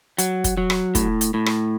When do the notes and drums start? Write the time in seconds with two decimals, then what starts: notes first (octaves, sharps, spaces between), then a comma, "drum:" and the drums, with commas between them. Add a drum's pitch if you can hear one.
0.18 F#3, drum: hi-hat
0.44 drum: kick, hi-hat
0.57 F#3
0.70 drum: rim click
0.95 A2, drum: kick, hi-hat
1.21 drum: hi-hat
1.34 A2
1.46 drum: rim click